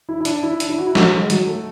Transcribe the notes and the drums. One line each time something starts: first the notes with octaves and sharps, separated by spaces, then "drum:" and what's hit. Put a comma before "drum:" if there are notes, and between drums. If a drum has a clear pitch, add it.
E4
E4
D4, drum: hi-hat
E4
D4, drum: hi-hat
E4
F#4
E4
F#4, drum: snare
G#3
F#3, drum: hi-hat
A3